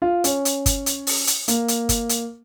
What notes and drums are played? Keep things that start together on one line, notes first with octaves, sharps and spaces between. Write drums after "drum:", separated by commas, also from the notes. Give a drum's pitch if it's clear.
F4
C#4, drum: hi-hat
drum: hi-hat
drum: kick G1, hi-hat
drum: hi-hat
drum: open hi-hat
drum: hi-hat
A#3, drum: hi-hat
drum: hi-hat
drum: kick G1, hi-hat
drum: hi-hat